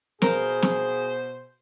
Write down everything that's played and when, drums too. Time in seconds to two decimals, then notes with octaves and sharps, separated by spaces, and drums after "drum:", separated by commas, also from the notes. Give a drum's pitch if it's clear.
0.22 B2 G#4 A#4 C5 F5, drum: snare
0.62 drum: snare